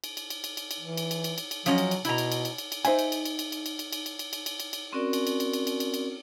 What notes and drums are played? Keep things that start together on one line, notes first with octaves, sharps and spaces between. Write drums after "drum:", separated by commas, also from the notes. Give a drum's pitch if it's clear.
drum: cymbal
drum: cymbal
drum: cymbal
drum: cymbal
drum: cymbal
drum: cymbal
E3
drum: cymbal
drum: cymbal
drum: cymbal
drum: cymbal
drum: cymbal
F3 F#3 C#4 D#5, drum: cymbal
drum: cymbal
drum: cymbal
B2 E4 A#5, drum: cymbal
drum: cymbal
drum: cymbal
drum: cymbal
drum: cymbal
drum: cymbal
D#4 C5 E5 G#5, drum: cymbal
drum: cymbal
drum: cymbal
drum: cymbal
drum: cymbal
drum: cymbal
drum: cymbal
drum: cymbal
drum: cymbal
drum: cymbal
drum: cymbal
drum: cymbal
drum: cymbal
drum: cymbal
drum: cymbal
C4 C#4 F#4 A#4 D5
drum: cymbal
drum: cymbal
drum: cymbal
drum: cymbal
drum: cymbal
drum: cymbal
drum: cymbal